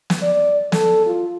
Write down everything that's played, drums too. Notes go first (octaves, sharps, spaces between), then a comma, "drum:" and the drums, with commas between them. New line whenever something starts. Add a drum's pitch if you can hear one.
drum: snare
D5
A4, drum: snare
F4